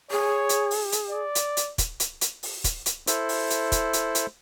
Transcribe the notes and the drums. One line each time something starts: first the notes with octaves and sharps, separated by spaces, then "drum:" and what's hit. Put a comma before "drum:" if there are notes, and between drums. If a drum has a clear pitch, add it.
G#4 C#5
drum: hi-hat
drum: open hi-hat
drum: hi-hat
D5
drum: hi-hat
drum: hi-hat
drum: kick, hi-hat
drum: hi-hat
drum: hi-hat
drum: open hi-hat
drum: kick, hi-hat
drum: hi-hat
E4 A4 C5, drum: hi-hat
drum: open hi-hat
drum: hi-hat
drum: kick, hi-hat
drum: hi-hat
drum: hi-hat